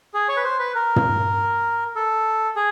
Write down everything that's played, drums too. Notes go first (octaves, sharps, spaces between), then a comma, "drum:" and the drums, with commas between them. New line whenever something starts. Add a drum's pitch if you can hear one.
G#4
C#5
B4
C5
B4
A#4
drum: tom
A4
G#4